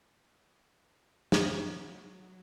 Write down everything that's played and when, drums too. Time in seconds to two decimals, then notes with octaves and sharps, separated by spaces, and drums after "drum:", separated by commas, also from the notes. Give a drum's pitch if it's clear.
1.32 F#3, drum: snare